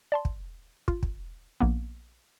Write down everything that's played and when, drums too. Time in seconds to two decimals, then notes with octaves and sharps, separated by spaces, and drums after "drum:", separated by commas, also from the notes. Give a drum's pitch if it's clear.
0.12 D5 A5 C6
0.25 drum: kick
0.88 F4, drum: kick
1.03 drum: kick
1.60 A#1 A#3 B3